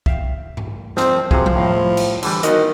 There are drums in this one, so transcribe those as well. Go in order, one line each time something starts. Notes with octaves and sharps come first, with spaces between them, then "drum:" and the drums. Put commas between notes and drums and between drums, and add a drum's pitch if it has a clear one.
E5 F5 G5, drum: kick
drum: tom G2
F3 C4, drum: snare
C3 F3 F#4 G#4, drum: kick
drum: tom F3
A2 F5 A#5
drum: cymbal
D3 E3 G3, drum: cymbal
D#3 B3 F#4 D#5, drum: hi-hat